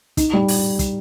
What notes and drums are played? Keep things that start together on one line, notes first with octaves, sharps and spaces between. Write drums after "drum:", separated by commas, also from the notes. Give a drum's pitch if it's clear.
D#4, drum: kick, hi-hat
G3
drum: open hi-hat
drum: kick, hi-hat